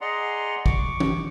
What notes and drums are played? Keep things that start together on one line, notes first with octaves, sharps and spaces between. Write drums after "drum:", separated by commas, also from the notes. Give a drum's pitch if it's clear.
G#4 D5 D#5 F#5 A#5 C6
C#6 D6, drum: kick
drum: tom E3